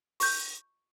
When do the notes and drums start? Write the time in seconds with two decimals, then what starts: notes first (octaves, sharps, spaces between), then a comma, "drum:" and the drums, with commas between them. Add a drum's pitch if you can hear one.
0.20 C#6 G6, drum: open hi-hat